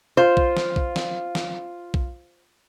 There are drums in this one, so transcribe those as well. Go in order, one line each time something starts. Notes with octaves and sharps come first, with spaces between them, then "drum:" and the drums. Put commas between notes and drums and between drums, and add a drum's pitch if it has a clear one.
F4 C5
drum: kick
drum: snare
drum: kick
drum: snare
drum: snare
drum: kick